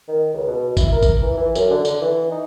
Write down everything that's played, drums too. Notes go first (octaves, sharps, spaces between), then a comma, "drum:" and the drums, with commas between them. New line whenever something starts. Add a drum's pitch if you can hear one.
D#3
C#2
B2
E4, drum: kick G#1, tambourine
A#4
drum: kick G#1, tambourine
E3
E3
F#2, drum: tambourine
D3
D3, drum: tambourine
E3
D#4